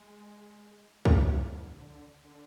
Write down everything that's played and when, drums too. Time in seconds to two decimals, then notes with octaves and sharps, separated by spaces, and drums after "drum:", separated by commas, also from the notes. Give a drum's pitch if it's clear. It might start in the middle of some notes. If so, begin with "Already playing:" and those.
Already playing: G#3
1.05 G3, drum: kick C2
1.30 G3
1.35 F3
1.64 D3
2.24 D3